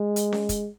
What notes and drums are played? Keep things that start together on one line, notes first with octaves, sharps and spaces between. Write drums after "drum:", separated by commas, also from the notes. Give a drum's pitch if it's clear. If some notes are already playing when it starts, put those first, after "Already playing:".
Already playing: G#3
drum: hi-hat
drum: snare C#4
drum: kick, hi-hat